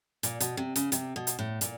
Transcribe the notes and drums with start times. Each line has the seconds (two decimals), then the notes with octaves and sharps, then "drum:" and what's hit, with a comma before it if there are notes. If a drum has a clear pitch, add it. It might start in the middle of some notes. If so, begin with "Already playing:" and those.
0.23 A#2, drum: hi-hat
0.40 B2, drum: hi-hat
0.57 C3
0.76 C#3, drum: hi-hat
0.92 C3, drum: hi-hat
1.16 B2
1.27 drum: hi-hat
1.39 A2
1.61 A#2, drum: hi-hat